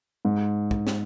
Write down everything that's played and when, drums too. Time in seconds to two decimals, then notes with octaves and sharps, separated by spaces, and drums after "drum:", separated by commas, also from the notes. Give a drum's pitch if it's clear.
0.25 G#2
0.71 drum: kick
0.87 drum: snare